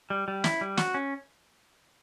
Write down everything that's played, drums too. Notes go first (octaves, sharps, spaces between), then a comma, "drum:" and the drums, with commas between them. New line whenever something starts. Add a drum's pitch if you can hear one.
G3
G3
E4, drum: snare
G3
F#4, drum: snare
C#4